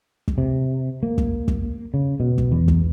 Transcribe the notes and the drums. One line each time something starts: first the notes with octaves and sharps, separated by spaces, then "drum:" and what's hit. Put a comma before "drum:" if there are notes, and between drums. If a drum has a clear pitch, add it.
drum: kick
C3
A#3
drum: kick
drum: kick
C#3
B2
drum: kick
E2
drum: kick